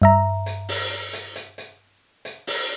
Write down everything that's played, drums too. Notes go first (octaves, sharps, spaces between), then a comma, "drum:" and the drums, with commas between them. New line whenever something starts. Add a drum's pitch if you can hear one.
G2 E5 A#5
drum: hi-hat
drum: open hi-hat
drum: hi-hat
drum: hi-hat
drum: hi-hat
drum: hi-hat
drum: open hi-hat